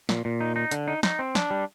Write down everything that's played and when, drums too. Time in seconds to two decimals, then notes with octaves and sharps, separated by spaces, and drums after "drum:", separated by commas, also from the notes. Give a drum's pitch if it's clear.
0.09 A#2, drum: snare
0.25 A#2
0.41 D#4
0.56 D#4
0.71 D3, drum: hi-hat
0.88 D#4
1.03 D#4, drum: snare
1.19 C4
1.35 D4, drum: snare
1.50 G3